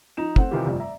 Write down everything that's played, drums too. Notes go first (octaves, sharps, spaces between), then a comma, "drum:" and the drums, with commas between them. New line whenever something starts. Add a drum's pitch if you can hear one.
F3 D#4 A#5 E7
A3 C4 F#5, drum: kick
C3 D#3 E3 C4 F4 G4
F1 G2 F3
D5 E5 A#5